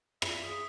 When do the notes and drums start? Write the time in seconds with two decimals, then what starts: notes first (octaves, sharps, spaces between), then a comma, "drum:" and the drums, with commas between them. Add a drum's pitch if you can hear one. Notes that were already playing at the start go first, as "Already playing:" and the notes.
0.22 F4 E5, drum: rim click
0.43 G#4